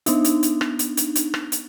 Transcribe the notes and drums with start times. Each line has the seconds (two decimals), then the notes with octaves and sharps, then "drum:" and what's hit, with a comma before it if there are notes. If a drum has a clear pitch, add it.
0.06 B3 D4 D#4, drum: hi-hat
0.24 drum: hi-hat
0.43 drum: hi-hat
0.61 drum: rim click
0.79 drum: hi-hat
0.97 drum: hi-hat
1.15 drum: hi-hat
1.34 drum: rim click
1.52 drum: hi-hat